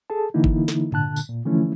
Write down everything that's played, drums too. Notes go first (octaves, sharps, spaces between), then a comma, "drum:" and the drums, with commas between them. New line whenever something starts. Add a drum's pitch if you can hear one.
G#4 A4 A5
D3 E3 A#3 D#4 E4
drum: kick G1
drum: snare
A#2 D3 A5 F#6, drum: tom G2
drum: tambourine
A#2
D3 E3 F3 A3 C#4 E4